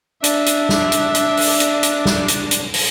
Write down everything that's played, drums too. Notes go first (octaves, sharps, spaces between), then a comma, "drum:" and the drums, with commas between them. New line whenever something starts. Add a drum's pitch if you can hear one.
D4 E5, drum: hi-hat
drum: hi-hat
drum: snare
drum: hi-hat
drum: hi-hat
drum: open hi-hat
drum: hi-hat
drum: hi-hat
drum: snare
drum: hi-hat
drum: hi-hat
drum: open hi-hat